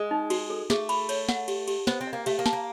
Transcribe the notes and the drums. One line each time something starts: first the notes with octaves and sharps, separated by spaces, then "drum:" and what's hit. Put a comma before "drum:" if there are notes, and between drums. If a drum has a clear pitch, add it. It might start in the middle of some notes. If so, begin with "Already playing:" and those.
Already playing: G#3
D#4
F#4, drum: cymbal
A4
A3 G#4, drum: snare
B5, drum: cymbal
C#5, drum: cymbal
F#5, drum: snare
G4, drum: cymbal
G4, drum: cymbal
B3 C5, drum: snare
C4
D#5
A#3
A3 G4, drum: cymbal
A#3
A5, drum: snare
A#3